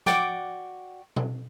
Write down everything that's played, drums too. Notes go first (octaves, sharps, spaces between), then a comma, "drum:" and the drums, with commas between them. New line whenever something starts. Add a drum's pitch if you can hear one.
F#4 D5 G5 D6, drum: snare
drum: tom B2